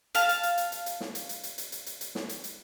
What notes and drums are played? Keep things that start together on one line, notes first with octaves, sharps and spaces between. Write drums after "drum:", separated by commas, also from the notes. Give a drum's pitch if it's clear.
F5 A5, drum: hi-hat
drum: hi-hat
drum: hi-hat
drum: hi-hat
drum: hi-hat
drum: hi-hat
drum: snare
drum: hi-hat
drum: hi-hat
drum: hi-hat
drum: hi-hat
drum: hi-hat
drum: hi-hat
drum: hi-hat
drum: snare
drum: hi-hat
drum: hi-hat